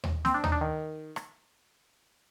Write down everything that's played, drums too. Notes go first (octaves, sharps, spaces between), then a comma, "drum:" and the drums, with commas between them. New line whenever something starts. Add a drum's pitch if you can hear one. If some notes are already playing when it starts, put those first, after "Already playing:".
drum: tom D#2
C4, drum: snare
D4
D#4, drum: tom D#2
D4
D#3
drum: rim click